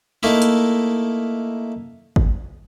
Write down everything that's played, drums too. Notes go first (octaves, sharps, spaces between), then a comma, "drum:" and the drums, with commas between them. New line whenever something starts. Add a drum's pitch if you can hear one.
A3 A#3 D#4 E4, drum: tambourine
drum: hi-hat
drum: kick G#1